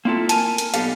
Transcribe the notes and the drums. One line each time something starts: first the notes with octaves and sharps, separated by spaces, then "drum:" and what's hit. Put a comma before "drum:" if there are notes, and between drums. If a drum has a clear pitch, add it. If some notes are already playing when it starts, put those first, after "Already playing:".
A#3 C4 E4 F4 A4
A#4 G#5 A5, drum: hi-hat
drum: hi-hat
B1 E2 B3 G4 A4 F5, drum: hi-hat